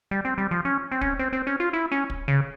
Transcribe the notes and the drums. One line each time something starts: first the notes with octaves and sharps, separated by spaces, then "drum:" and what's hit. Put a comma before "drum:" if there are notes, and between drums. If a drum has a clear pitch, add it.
G3
C4
G3
F3
C#4
C4
C#4, drum: kick
C4
C4
C#4
F4
E4
C#4
drum: kick
C#3